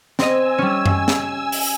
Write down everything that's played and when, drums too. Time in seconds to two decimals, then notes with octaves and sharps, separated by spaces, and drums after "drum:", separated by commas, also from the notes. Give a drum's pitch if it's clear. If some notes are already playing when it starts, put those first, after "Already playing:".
0.19 C4 D#5 G#5 E6, drum: snare
0.58 G3 C#4
0.86 drum: tom F#2
1.08 drum: snare
1.52 drum: open hi-hat